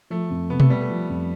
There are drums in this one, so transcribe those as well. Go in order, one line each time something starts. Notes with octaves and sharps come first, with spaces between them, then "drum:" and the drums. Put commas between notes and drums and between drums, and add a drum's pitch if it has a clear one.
F3 A3
F2
C3 B3
A3, drum: tom B2
G3 B3
A3
F3
F2